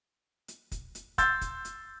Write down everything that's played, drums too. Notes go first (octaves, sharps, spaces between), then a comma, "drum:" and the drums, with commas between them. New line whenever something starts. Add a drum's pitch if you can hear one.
drum: hi-hat
drum: kick, hi-hat
drum: hi-hat
C6 E6 G6 A6, drum: kick, hi-hat
drum: kick, hi-hat
drum: hi-hat